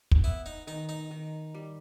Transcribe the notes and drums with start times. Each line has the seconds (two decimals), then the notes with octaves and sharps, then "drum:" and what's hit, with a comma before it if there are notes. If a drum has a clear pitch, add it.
0.11 drum: kick
0.24 B3 E4
0.46 D#4
0.67 D#3 D#4
0.89 D#4
1.11 D#3
1.55 G3